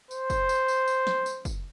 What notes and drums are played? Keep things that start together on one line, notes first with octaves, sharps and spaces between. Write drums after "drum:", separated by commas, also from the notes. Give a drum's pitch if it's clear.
C5, drum: tambourine
drum: kick, tambourine
drum: tambourine
drum: tambourine
drum: tambourine
drum: snare
drum: tambourine
drum: kick, tambourine